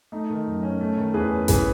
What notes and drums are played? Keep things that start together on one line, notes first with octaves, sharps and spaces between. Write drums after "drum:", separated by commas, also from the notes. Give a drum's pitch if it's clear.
A3 D#4
D#3
F#2
C#4
A3
D#3
E2 G#4 B4
C#4
E3 G#4 B4, drum: kick A1, hi-hat